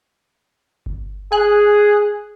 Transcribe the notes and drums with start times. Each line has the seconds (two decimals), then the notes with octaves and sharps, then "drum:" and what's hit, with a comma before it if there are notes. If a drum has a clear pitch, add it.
0.86 drum: kick G1
1.32 G#4 G#5 F#6